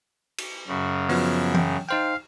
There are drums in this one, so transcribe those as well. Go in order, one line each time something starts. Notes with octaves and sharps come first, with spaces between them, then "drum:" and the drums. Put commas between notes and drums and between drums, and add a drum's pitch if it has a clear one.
drum: cymbal
F#2 C#3
F3 F#3 B3, drum: open hi-hat
G5, drum: tom E3
D#4 C5 F5 G5